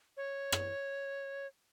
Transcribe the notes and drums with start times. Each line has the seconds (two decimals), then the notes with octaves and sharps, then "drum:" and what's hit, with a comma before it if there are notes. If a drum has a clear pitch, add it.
0.17 C#5
0.52 drum: rim click